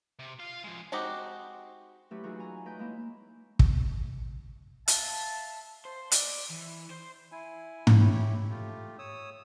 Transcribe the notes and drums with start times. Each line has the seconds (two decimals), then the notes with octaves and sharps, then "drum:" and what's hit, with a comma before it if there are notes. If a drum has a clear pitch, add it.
0.19 C3
0.39 F4 F5
0.64 F3 G#3
0.92 G#3 C4 D#4 F#4 G4
2.11 F#3 A3 C#4 E4 G4 B4
2.23 E3 F#3 D#4 F4 F#4 G#4
2.39 G#5 A#5
2.65 A3 B4 D#5 G5 G6
2.79 G#3 A#3 E4
3.59 drum: kick
4.88 E5 F5 A5, drum: hi-hat
5.85 C5
6.12 D5, drum: hi-hat
6.50 E3
6.90 C5
7.32 E4 G#5
7.87 drum: tom G#2
7.99 E4 G4 C#5
8.50 A3 F4 G4
8.99 C#5 D#6 E6